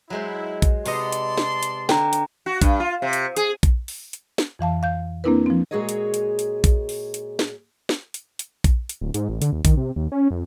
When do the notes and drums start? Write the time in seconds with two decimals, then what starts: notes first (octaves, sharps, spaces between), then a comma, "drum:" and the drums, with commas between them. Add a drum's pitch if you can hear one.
0.10 F#3 G#3 E4 C5
0.62 drum: kick A#1, hi-hat
0.86 C3 B3 D5 D#5 A5 C6, drum: open hi-hat
1.12 drum: hi-hat
1.38 drum: snare
1.63 drum: hi-hat
1.89 D3 G5 A#5, drum: snare
2.13 drum: hi-hat
2.46 F#4
2.62 G2, drum: kick A#1, hi-hat
2.80 F4
3.02 C3
3.13 drum: hi-hat
3.37 G#4, drum: hi-hat
3.63 drum: kick A#1, hi-hat
3.88 drum: open hi-hat
4.13 drum: hi-hat
4.38 drum: snare
4.59 F2 E3 F5 A5
4.83 F5 G6
5.24 A#3 C4 D4 E4 A#4 B4
5.46 F3 C4
5.71 A#2 G#3 F#4 G#4 C#5 D#5
5.89 drum: hi-hat
6.14 drum: hi-hat
6.39 drum: hi-hat
6.64 drum: kick A#1, hi-hat
6.89 drum: open hi-hat
7.14 drum: hi-hat
7.39 drum: snare
7.89 drum: snare
8.14 drum: hi-hat
8.39 drum: hi-hat
8.64 drum: kick A#1, hi-hat
8.89 drum: hi-hat
9.01 D1
9.14 G#2, drum: hi-hat
9.29 A1
9.42 D3, drum: hi-hat
9.53 D#2
9.65 D#3, drum: kick A#1, hi-hat
9.77 C3
9.96 D#2
10.12 C#4
10.31 F2